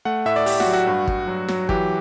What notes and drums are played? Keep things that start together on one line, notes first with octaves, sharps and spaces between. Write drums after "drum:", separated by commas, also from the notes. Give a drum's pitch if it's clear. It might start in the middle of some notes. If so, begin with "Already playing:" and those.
A3 F#5
A2 E5
D5
A3 G4, drum: open hi-hat
F#4, drum: snare
F#3
F#4
G2
G2, drum: kick
F#3
F#3, drum: snare
E3 G4, drum: kick